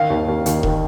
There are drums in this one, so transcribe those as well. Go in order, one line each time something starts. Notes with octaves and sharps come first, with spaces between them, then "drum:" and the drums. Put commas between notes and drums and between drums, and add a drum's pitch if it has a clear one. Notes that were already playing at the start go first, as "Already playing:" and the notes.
Already playing: D#3 F5
D#2
D#2
D#2, drum: hi-hat
D#3, drum: kick E1